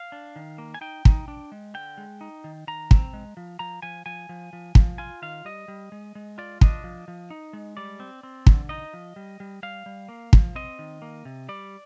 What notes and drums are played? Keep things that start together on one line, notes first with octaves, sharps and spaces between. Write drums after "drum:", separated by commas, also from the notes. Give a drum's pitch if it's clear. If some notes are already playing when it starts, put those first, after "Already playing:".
Already playing: F5
D4
D#3
A#3
G#5
D#4 G5
D#4, drum: kick
D4
G#3
D3 G5
G#3
D#4
D#3
D#3 A#5
C4, drum: kick
G#3
F3
F3 A#5
F3 G#5
F3 G#5
F3
F3
F3, drum: kick
F4 G#5
D#3 F5
G3 D#5
G3
G#3
G#3
F4 D5
D4 D#5, drum: kick
F3
F3
D#4
G#3
G3 D5
C4
C4
D3, drum: kick
D#4 D#5
F3
G3
G3
G3 F5
G3
A#3
F3, drum: kick
C4 D#5
D#3
A#3
C3
G3 D5